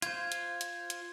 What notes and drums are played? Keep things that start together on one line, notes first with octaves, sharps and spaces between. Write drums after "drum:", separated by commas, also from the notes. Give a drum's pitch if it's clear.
F4 C5 G#6, drum: hi-hat
drum: hi-hat
drum: hi-hat
drum: hi-hat